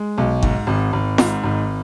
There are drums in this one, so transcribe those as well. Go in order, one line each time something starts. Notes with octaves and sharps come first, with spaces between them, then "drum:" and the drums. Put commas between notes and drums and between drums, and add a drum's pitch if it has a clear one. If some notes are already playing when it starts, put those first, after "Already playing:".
Already playing: G#3
B1
G#2, drum: kick G1
G#1
G#1
G#2, drum: snare
G#1